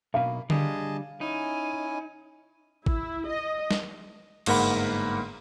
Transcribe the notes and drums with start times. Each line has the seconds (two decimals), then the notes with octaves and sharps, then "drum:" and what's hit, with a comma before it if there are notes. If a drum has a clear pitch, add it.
0.14 B1 B2 A#3 F5
0.50 D3 G3 G#4 D#5 A5, drum: tom D3
1.21 C#4 D#4 E4 G#5
2.86 E4, drum: kick G#1
3.28 D#5
3.71 drum: snare
4.46 G1 G#2 A#3 A#4 F#5 B5, drum: cymbal